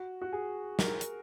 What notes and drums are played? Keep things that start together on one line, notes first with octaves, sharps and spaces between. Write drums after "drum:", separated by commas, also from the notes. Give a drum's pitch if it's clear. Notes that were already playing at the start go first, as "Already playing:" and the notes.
Already playing: F#4
F#4
G#4
A#4, drum: snare
drum: hi-hat